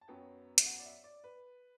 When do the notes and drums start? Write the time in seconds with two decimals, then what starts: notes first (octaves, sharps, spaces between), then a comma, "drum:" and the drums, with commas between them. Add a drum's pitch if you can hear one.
0.01 A5
0.08 F#2 F#3 B3 G5
0.58 E5, drum: hi-hat
0.66 F#5
0.79 D5
0.86 E5
1.04 D5
1.24 B4